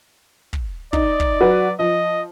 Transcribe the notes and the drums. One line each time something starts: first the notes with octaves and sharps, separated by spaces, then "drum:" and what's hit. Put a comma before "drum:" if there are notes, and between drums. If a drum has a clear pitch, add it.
drum: kick
D#4 D5, drum: kick
drum: kick
F#3 F#4 B4
F3 D#5